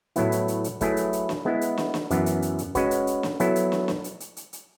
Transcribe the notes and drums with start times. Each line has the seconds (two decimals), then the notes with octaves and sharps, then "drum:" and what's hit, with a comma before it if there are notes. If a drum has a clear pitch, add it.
0.16 A2 F#3 B3 E4, drum: hi-hat
0.32 drum: hi-hat
0.48 drum: hi-hat
0.64 drum: hi-hat
0.81 F#3 A3 E4 G#4 B4, drum: kick, hi-hat
0.97 drum: hi-hat
1.13 drum: hi-hat
1.29 drum: snare
1.45 G#3 B3 E4
1.61 drum: hi-hat
1.78 drum: snare
1.94 drum: snare
2.11 F#2 E3 B3, drum: hi-hat
2.26 drum: hi-hat
2.42 drum: hi-hat
2.58 drum: hi-hat
2.75 G#3 C#4 F#4 B4, drum: kick, hi-hat
2.91 drum: hi-hat
3.07 drum: hi-hat
3.23 drum: snare
3.40 F#3 B3 E4 A4, drum: hi-hat
3.56 drum: hi-hat
3.72 drum: snare
3.88 drum: snare
4.04 drum: hi-hat
4.20 drum: hi-hat
4.37 drum: hi-hat
4.53 drum: hi-hat